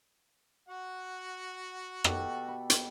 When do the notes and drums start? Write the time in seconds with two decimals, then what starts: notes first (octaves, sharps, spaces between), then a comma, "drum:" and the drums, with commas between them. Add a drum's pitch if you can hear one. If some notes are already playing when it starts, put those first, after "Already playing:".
0.69 F#4 F#5
2.04 B2 G4 A4, drum: rim click
2.48 B5
2.70 drum: hi-hat